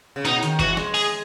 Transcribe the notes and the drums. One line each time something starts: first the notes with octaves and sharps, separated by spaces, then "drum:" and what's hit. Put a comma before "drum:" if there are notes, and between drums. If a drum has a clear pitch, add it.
C#3
B2 D#4, drum: hi-hat
D#3, drum: hi-hat
E3 F#4, drum: kick, hi-hat
G#3, drum: snare
G#4, drum: open hi-hat